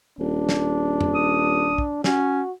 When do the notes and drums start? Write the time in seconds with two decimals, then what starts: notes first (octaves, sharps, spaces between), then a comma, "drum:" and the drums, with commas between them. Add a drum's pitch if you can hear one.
0.19 D#1 D4
0.49 drum: snare
1.01 drum: tom F2
1.15 D#6
1.78 drum: kick
2.04 C#4 F#4, drum: snare